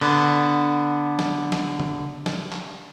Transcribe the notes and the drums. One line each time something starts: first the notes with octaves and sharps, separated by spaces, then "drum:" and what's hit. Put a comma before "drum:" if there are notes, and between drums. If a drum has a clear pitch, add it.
D3 B3, drum: cymbal
drum: snare
drum: snare
drum: tom C#3
drum: snare
drum: clap